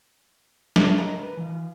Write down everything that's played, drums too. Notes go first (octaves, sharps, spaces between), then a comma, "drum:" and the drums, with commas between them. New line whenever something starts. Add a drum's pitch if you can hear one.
drum: snare
A#4 D#5 A#5
B4
E3 F5